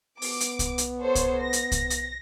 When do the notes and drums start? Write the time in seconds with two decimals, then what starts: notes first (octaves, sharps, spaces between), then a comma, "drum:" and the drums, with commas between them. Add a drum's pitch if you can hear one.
0.22 B3 D6, drum: open hi-hat
0.40 drum: hi-hat
0.59 drum: kick C2, hi-hat
0.78 drum: hi-hat
1.02 A4 C5 C#5
1.15 drum: kick C2, hi-hat
1.40 A#6
1.53 drum: hi-hat
1.72 drum: kick C2, hi-hat
1.90 drum: hi-hat